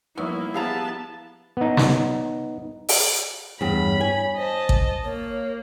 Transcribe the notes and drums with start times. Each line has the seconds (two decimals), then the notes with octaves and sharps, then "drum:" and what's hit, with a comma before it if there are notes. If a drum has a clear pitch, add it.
0.18 F3 G3 A#3 B3 D#4 E4
0.54 B3 G4 G#4 F5 A5 A#5
1.57 B3 D#4
1.77 drum: snare
2.89 drum: open hi-hat
3.61 E2 G2 C#5 B5
4.01 G#5
4.37 C5 D#5 A5
4.69 drum: kick A1
5.04 A#3 C#5